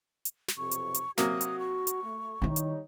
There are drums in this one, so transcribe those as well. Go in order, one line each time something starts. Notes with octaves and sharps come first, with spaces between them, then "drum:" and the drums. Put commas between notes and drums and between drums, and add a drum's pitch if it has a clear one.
drum: hi-hat
drum: snare
B1 F2 C3 C#6
drum: hi-hat
drum: hi-hat
C3 F#3 A#3 F#4 D#6, drum: snare
drum: hi-hat
C#6
drum: hi-hat
A3
D#3 G3 D#4 E4 C#5
drum: hi-hat